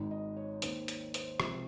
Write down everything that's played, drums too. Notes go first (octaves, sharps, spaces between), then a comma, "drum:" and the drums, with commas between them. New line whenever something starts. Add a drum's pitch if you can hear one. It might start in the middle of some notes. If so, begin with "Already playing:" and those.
Already playing: G#1 G#2 D#3
D#5
C#5
D#2 D#3 C5, drum: hi-hat
C#5, drum: hi-hat
C5, drum: hi-hat
C#2 C3 F3, drum: rim click